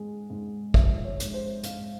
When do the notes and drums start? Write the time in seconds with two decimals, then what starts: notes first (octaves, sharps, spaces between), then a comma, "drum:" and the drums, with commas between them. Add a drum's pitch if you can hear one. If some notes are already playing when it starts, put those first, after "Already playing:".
Already playing: G#2 G#3
0.30 G#2
0.74 F3 E5, drum: kick
1.05 C#5
1.20 G#2, drum: hi-hat
1.34 C5
1.63 G#2 F5, drum: hi-hat